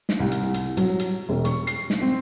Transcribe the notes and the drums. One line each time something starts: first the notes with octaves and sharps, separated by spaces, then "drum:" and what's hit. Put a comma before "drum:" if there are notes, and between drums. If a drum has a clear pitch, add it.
drum: snare
C2
drum: hi-hat
drum: hi-hat
F#3, drum: hi-hat
drum: hi-hat
E1
C#6, drum: hi-hat
C7, drum: hi-hat
drum: snare
C4